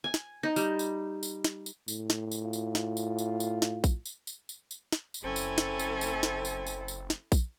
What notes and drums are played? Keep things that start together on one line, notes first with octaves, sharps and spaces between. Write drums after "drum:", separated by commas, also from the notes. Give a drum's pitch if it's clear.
G#5
drum: snare
D#4
G3, drum: tambourine
drum: tambourine
drum: tambourine
drum: snare
drum: tambourine
A2, drum: tambourine
drum: snare
drum: tambourine
F4
drum: tambourine
drum: snare
drum: tambourine
drum: tambourine
drum: tambourine
drum: snare
drum: kick A#1, tambourine
drum: tambourine
drum: tambourine
drum: tambourine
drum: tambourine
drum: snare
drum: tambourine
F#1 C4 C#4 E4 A4 G#5
drum: tambourine
drum: snare
drum: tambourine
drum: tambourine
drum: snare
drum: tambourine
drum: tambourine
drum: tambourine
drum: snare
drum: kick A#1, tambourine